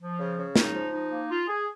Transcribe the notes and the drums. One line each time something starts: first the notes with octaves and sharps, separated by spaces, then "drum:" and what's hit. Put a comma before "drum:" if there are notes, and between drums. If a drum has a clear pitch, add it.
F3
C#3
C#3
D#4, drum: snare
F3
D#4
A#3
F4
G#4